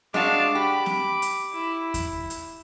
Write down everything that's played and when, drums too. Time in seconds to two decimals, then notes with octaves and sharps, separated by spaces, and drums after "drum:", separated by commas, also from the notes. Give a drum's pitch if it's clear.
0.14 G#3 D4 F#4 F5 A5 D6, drum: snare C4
0.55 G4 B5
0.86 drum: snare C4
1.22 drum: hi-hat
1.53 E4
1.94 drum: kick E2, hi-hat
2.30 drum: hi-hat